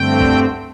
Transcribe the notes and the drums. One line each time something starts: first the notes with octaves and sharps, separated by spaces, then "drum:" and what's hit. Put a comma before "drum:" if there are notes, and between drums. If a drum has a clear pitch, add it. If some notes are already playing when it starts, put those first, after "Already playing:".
Already playing: G2 D3 A3 C4 G5
drum: kick